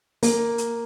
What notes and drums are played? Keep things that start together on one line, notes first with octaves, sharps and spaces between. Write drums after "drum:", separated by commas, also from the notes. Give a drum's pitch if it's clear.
A#3, drum: open hi-hat
drum: hi-hat